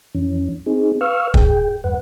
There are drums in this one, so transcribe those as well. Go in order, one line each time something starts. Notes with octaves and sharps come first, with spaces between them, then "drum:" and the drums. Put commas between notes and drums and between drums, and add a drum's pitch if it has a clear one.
F2 E3 C#4
C4 D#4 G#4
B4 F5 C#6 E6 F6
G#4 G5, drum: kick
E2 G2 B4 F#5